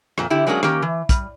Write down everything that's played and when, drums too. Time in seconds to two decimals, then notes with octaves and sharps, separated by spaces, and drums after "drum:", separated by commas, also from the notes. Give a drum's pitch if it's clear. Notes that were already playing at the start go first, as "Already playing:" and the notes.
0.18 F2 A#2, drum: rim click
0.30 D3 E4 G4
0.47 F#3 G#3 A#3 C#4 D4 G#4
0.63 D#3 A#3 C#4 G4, drum: rim click
0.82 E3
1.09 G3, drum: kick, hi-hat